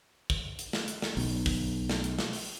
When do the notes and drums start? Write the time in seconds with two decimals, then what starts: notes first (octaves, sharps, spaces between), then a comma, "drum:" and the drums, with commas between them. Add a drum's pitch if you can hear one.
0.30 drum: kick
0.59 drum: hi-hat
0.73 drum: snare
0.88 drum: hi-hat
1.02 drum: snare
1.17 B1, drum: open hi-hat
1.46 drum: kick, open hi-hat
1.89 drum: snare
2.04 drum: hi-hat
2.19 drum: snare
2.33 drum: open hi-hat